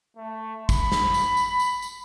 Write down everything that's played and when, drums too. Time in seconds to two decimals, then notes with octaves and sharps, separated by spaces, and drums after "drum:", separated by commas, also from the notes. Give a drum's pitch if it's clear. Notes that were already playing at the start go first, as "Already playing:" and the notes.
0.17 A3
0.69 B5, drum: kick, tambourine
0.92 drum: snare
1.14 drum: tambourine
1.37 drum: tambourine
1.60 drum: tambourine
1.82 drum: tambourine